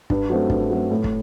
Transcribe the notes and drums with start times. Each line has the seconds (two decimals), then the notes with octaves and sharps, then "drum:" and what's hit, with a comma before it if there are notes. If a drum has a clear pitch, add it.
0.10 G2, drum: kick
0.30 F#3 A3 C4
0.50 G2, drum: kick
0.71 F#3 A3 C4
0.91 A2
1.04 drum: kick